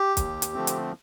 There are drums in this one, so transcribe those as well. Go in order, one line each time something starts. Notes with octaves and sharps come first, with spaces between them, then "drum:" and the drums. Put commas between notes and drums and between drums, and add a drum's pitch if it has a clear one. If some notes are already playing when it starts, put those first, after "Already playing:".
Already playing: G4
D#2, drum: kick, hi-hat
drum: hi-hat
D3 F3 A3 C4
drum: hi-hat